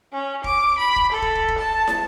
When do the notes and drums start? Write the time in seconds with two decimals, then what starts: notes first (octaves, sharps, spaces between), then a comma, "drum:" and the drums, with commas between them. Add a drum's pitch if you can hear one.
0.12 C#4
0.44 D6, drum: kick
0.78 B5
0.96 drum: kick
1.12 A4
1.22 drum: kick
1.35 drum: kick
1.48 drum: kick
1.58 A5
1.87 drum: snare